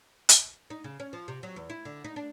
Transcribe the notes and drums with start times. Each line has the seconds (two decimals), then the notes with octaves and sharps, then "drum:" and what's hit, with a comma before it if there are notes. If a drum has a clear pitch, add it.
0.29 drum: hi-hat
0.70 D#4
0.84 C#3
1.00 C#4
1.13 F3
1.28 C3
1.43 F#3
1.56 E2
1.70 E4
1.85 D3
2.04 D#4
2.16 D4